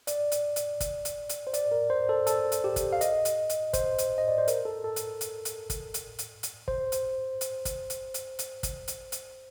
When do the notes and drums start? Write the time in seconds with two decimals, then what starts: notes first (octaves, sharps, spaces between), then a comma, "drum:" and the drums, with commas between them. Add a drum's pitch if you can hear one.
0.07 D5, drum: hi-hat
0.32 drum: hi-hat
0.56 drum: hi-hat
0.80 drum: kick, hi-hat
1.05 drum: hi-hat
1.29 drum: hi-hat
1.47 C5
1.54 D5, drum: hi-hat
1.72 A#4
1.90 C5
2.09 A4
2.27 A4, drum: hi-hat
2.52 drum: hi-hat
2.64 G4
2.76 drum: kick, hi-hat
2.93 F5
3.01 D#5, drum: hi-hat
3.25 drum: hi-hat
3.49 drum: hi-hat
3.73 C5, drum: kick, hi-hat
3.98 drum: hi-hat
4.18 D#5
4.28 D5
4.38 C5
4.48 A#4, drum: hi-hat
4.65 A4
4.84 A4
4.96 drum: hi-hat
5.21 drum: hi-hat
5.45 drum: hi-hat
5.70 drum: kick, hi-hat
5.94 drum: hi-hat
6.19 drum: hi-hat
6.43 drum: hi-hat
6.68 C5, drum: kick
6.92 drum: hi-hat
7.41 drum: hi-hat
7.65 drum: kick, hi-hat
7.90 drum: hi-hat
8.14 drum: hi-hat
8.39 drum: hi-hat
8.63 drum: kick, hi-hat
8.88 drum: hi-hat
9.12 drum: hi-hat